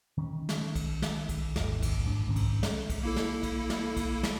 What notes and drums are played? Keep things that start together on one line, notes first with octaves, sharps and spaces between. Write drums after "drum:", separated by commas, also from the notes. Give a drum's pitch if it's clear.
D#3 C#4
drum: snare
drum: kick B1, cymbal
drum: snare
drum: kick B1, cymbal
G#1 D#2, drum: snare
drum: kick B1, cymbal
G#2 A3 A#3 D4
C2 G#2 D#3 C#4
drum: kick B1, cymbal
drum: snare
drum: kick B1, cymbal
A#3 E4 A4
drum: snare
drum: kick B1, cymbal
drum: snare
drum: kick B1, cymbal
drum: snare